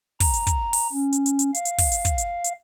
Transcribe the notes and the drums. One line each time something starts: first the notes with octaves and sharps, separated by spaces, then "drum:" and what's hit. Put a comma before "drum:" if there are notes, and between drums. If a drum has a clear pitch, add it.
A#5, drum: kick, open hi-hat
drum: hi-hat
drum: kick, hi-hat
drum: open hi-hat
C#4
drum: hi-hat
drum: hi-hat
drum: hi-hat
F5, drum: hi-hat
drum: hi-hat
drum: kick, open hi-hat
drum: hi-hat
drum: kick, hi-hat
drum: hi-hat
drum: hi-hat